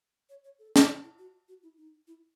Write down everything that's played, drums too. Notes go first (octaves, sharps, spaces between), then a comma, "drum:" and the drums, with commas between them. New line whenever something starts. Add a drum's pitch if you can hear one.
C#5
C#5
A4
drum: snare
D#4
E4
F#4
F#4
E4
D#4
E4